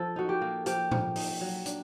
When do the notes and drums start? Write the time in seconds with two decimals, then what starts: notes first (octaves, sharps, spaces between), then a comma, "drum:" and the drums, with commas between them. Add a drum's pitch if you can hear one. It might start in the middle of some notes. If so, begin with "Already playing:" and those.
Already playing: F3 A4
0.16 D#4 F#4
0.29 G4
0.41 A#3
0.66 F3 G4, drum: hi-hat
0.91 F3, drum: tom A2
1.16 D#4, drum: open hi-hat
1.41 F#3
1.66 D4, drum: hi-hat